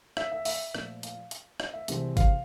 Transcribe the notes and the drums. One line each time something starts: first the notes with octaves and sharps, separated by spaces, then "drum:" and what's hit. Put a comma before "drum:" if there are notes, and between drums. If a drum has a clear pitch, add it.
E5, drum: rim click
E5
E5, drum: open hi-hat
A#2 F3 A3, drum: rim click
F5, drum: hi-hat
drum: hi-hat
D#5, drum: rim click
E5
C2 C3 E3 G#3 C4, drum: hi-hat
F5, drum: kick G1, hi-hat